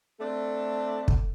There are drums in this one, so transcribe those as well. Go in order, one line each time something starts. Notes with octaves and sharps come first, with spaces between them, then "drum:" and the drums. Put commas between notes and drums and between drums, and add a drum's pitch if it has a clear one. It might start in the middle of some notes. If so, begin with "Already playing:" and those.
A3 C4 D4 A4
drum: kick